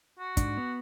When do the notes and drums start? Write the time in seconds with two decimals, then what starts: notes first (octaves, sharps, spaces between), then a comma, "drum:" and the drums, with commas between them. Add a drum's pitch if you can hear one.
0.19 F#4
0.37 G#2 D4, drum: kick, hi-hat
0.57 B3